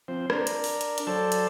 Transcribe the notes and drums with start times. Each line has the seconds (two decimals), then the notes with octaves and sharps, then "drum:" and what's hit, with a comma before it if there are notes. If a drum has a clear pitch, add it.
0.08 F3 C4 C5
0.30 D4 A#4, drum: rim click
0.47 drum: hi-hat
0.64 drum: open hi-hat
0.81 drum: hi-hat
0.98 drum: hi-hat
1.07 F#3 A4 C5 D5 A5
1.32 drum: hi-hat